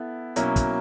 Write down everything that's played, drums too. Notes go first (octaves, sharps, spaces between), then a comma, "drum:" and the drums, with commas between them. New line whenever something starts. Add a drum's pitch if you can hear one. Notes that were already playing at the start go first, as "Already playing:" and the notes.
Already playing: B3 E4 A4
B2 F#3 A#3 C#4 E4, drum: hi-hat
drum: kick, hi-hat